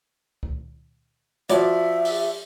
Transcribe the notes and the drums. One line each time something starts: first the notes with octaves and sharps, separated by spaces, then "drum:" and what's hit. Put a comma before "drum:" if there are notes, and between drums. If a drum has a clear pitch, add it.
drum: kick C#2
F3 F#4 D5 E5, drum: hi-hat
drum: open hi-hat